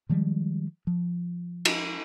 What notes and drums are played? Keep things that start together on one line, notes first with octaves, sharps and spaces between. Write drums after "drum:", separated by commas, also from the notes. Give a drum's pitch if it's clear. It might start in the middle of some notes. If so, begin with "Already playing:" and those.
D#3 F3 G3 G#3
F3
drum: cymbal